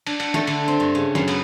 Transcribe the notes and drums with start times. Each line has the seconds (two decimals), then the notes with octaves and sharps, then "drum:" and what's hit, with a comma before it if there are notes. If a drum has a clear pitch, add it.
0.07 D4, drum: cymbal
0.20 F#5, drum: cymbal
0.34 A3, drum: snare
0.47 D3, drum: cymbal
0.68 C4
0.80 G2
0.95 C#3
1.15 F#2, drum: snare
1.28 B3, drum: cymbal